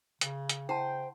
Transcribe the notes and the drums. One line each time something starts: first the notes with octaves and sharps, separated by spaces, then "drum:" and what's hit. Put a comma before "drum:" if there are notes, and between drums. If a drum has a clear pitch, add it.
C#3, drum: hi-hat
drum: hi-hat
C#3 E4 C5 F#5 G5 A5